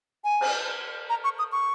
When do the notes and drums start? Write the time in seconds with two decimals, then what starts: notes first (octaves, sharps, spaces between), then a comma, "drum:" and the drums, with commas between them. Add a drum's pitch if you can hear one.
0.24 G#5
0.41 drum: cymbal
1.09 A#5
1.24 C#6
1.39 D#6
1.52 C#6